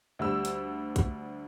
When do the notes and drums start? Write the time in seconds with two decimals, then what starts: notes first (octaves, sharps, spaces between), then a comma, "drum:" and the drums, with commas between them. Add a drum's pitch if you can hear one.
0.19 D2 G3 E6
0.45 drum: hi-hat
0.96 drum: kick B1, hi-hat